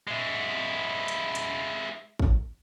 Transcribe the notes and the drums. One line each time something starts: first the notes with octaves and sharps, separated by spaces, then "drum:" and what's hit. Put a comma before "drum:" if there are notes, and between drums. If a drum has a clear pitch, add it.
G#3 E4
drum: hi-hat
drum: hi-hat
drum: kick